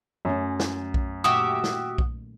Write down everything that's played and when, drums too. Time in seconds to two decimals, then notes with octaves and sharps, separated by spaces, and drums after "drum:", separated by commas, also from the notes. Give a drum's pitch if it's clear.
0.25 F#2 F#3 A3 C#4
0.60 drum: snare
0.94 drum: kick B1
1.24 A#2 D#3 A3 F#4 G4 E5 D#6
1.64 drum: snare
1.98 drum: kick B1